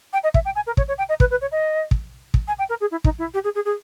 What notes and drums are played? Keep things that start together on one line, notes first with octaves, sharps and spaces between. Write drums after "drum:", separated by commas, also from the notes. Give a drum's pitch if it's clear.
G5
D#5
E5, drum: kick
G5
G#5
A#4
C#5, drum: kick
C#5
G5
D#5
B4, drum: kick
B4
C#5
D#5
drum: kick
drum: kick
G#5
G5
A#4
G#4
E4
D#4, drum: kick
E4
G4
G#4
G#4
G#4